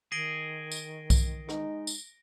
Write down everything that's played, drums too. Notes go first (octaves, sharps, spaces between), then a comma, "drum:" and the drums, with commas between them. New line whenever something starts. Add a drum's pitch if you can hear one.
D#3 G#4 A#6 D7 G7
drum: tambourine
drum: kick B1, tambourine
G#3 D#4, drum: rim click
drum: tambourine